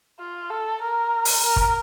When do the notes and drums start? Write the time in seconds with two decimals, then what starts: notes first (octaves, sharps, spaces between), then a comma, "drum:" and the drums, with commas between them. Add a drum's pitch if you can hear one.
0.19 F4
0.50 A4
0.82 A#4
1.25 drum: open hi-hat
1.43 A#4
1.56 drum: kick